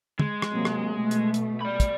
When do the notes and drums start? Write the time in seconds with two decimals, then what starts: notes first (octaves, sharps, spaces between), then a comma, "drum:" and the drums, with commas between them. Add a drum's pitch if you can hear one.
0.19 G#3, drum: tom
0.42 drum: rim click
0.51 C3 F#3 A#3
0.65 drum: rim click
0.93 B2 A3
1.11 drum: hi-hat
1.34 drum: hi-hat
1.61 D5 B5
1.80 drum: kick, hi-hat